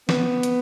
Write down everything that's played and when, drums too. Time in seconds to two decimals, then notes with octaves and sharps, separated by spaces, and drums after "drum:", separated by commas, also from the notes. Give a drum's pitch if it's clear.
0.09 B3, drum: snare
0.43 drum: hi-hat